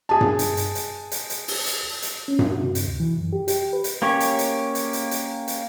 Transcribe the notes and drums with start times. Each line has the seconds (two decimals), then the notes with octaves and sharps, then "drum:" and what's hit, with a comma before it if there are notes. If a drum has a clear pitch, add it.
0.09 G#4 A5
0.21 drum: tom G2
0.39 drum: hi-hat
0.57 drum: hi-hat
0.75 drum: hi-hat
1.12 drum: hi-hat
1.30 drum: hi-hat
1.48 drum: open hi-hat
1.66 drum: hi-hat
2.02 drum: hi-hat
2.28 C#4
2.39 drum: tom G2
2.51 F#4
2.63 C3
2.75 drum: hi-hat
2.84 D2
3.00 E3
3.17 F#2
3.33 G4
3.48 G4, drum: hi-hat
3.73 B4
3.84 drum: hi-hat
4.02 A#3 C#4 G4 C#5
4.20 drum: hi-hat
4.39 drum: hi-hat
4.75 drum: hi-hat
4.93 drum: hi-hat
5.11 drum: hi-hat
5.48 drum: hi-hat